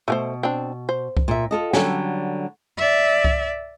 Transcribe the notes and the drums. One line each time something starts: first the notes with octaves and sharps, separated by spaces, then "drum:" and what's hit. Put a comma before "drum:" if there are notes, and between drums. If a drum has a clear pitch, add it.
B2 A3 A#4 C5
C4 D4
C5
drum: kick C2
A#2 E5
F4 A4 D#5
D3 F#3 G3 C#4 A4, drum: snare
D5 E5
drum: kick C2